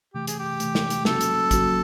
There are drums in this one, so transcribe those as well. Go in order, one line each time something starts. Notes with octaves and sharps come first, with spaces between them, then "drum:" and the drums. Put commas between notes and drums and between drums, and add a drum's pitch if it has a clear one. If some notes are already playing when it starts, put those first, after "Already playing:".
C3 E3 A3 G4
G#4, drum: hi-hat
G4
C3 E3 A3, drum: hi-hat
drum: snare
drum: hi-hat
C#3 F#3 A#3 C#4 F#4 A4, drum: snare
drum: hi-hat
C#3 F#3 A#3 C#4 F#4, drum: kick, hi-hat